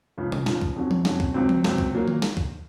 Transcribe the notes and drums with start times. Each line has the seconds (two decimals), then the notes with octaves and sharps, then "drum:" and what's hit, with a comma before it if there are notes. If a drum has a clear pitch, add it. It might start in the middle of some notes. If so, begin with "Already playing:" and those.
0.18 C#2 C#3 F3
0.32 drum: tom B2
0.46 C#2 C#3 F3, drum: snare
0.62 drum: kick C#2
0.76 F2 C3 F#3 C#4 F#4
0.91 drum: tom F3
1.05 F2 C3 F#3 C#4 F#4, drum: snare
1.20 drum: kick C#2
1.34 C#2 C3 F#3 C4
1.49 drum: tom F3
1.64 C#2 C3 F#3 C4, drum: snare
1.78 drum: kick C#2
1.93 A#2 F#3 A#3
2.08 drum: tom D#3
2.22 drum: snare
2.37 drum: kick C#2